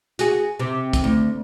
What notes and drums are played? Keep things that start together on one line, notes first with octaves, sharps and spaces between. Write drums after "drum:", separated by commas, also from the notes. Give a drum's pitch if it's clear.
F#4 G#4, drum: hi-hat
C3
drum: kick, hi-hat
D2